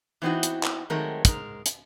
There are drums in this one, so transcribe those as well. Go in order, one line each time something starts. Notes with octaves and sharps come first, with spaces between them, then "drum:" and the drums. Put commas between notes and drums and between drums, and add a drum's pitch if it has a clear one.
E3 B3 C4 D#4 E4 F#4
drum: hi-hat
drum: clap
D#3 F#3 G#3 A3 C4 A#4
G#2 G#3 A#4, drum: kick, hi-hat
drum: hi-hat